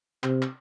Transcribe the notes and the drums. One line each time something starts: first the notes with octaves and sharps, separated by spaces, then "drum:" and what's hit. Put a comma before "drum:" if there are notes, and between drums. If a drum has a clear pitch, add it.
C3, drum: clap
drum: clap